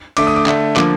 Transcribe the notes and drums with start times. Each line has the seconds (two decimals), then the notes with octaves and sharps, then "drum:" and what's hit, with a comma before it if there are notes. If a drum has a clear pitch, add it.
0.17 D3 A3 D6, drum: cymbal
0.27 D#6
0.36 D6
0.46 D3 A3, drum: clap
0.76 D3 F3 A#3 D6, drum: clap